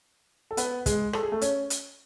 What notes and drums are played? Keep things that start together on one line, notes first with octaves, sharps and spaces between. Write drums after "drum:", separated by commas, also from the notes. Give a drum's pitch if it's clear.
A4
B3 B4, drum: hi-hat
G#3 G#4, drum: kick, hi-hat
A4, drum: rim click
G#4
A3 A4
C#4 C#5, drum: hi-hat
drum: hi-hat